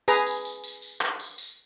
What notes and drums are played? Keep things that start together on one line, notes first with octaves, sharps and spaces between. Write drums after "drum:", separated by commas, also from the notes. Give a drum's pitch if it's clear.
G#4 B4 A#5, drum: tambourine
drum: tambourine
drum: tambourine
drum: tambourine
drum: tambourine
drum: clap
drum: tambourine
drum: tambourine